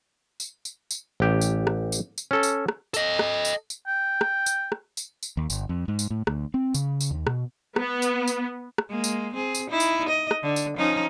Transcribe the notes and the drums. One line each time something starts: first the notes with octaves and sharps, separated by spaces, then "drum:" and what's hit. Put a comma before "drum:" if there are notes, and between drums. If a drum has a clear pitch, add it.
drum: tambourine
drum: tambourine
drum: tambourine
A1 G4
drum: tambourine
drum: rim click
drum: tambourine
drum: tambourine
C#4 A4
drum: tambourine
drum: rim click
A4 D#5, drum: tambourine
drum: rim click
drum: tambourine
drum: tambourine
G5
drum: rim click
drum: tambourine
drum: rim click
drum: tambourine
drum: tambourine
D#2
G1, drum: tambourine
F2
G#2
drum: tambourine
A2
D2, drum: rim click
C4
C#3, drum: tambourine
drum: tambourine
D#2
B2, drum: rim click
B3, drum: rim click
drum: tambourine
drum: tambourine
drum: rim click
G#3 A#3
drum: tambourine
C4 G#4
drum: tambourine
D#4 E4
drum: tambourine
D#5
drum: rim click
D3
drum: tambourine
F3 C#4 D#4